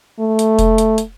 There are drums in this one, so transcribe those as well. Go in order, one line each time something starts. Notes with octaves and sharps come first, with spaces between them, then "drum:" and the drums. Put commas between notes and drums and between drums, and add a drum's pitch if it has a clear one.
A3
drum: hi-hat
drum: kick F1, hi-hat
drum: hi-hat
drum: hi-hat